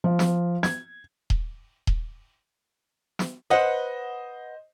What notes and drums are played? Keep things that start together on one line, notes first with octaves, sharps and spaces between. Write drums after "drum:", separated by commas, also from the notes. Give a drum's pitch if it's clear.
F3
drum: snare
G#6, drum: snare
drum: kick D#1
drum: kick D#1
drum: snare
B4 C5 D#5 F#5